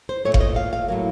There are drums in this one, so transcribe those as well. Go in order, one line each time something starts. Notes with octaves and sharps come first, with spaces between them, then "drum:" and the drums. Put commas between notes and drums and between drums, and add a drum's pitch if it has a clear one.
C5
A#2 A3 C#5
F5, drum: kick F#1
D#5
F5
F5
A2 F#3 A#3